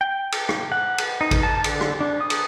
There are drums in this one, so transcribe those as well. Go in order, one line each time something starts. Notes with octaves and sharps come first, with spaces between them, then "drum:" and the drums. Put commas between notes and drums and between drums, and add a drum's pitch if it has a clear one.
G5
drum: cymbal
drum: rim click
F#5
drum: cymbal
D#4
drum: kick G#1, cymbal
A5
D3, drum: cymbal
drum: rim click
D4
D#6
drum: cymbal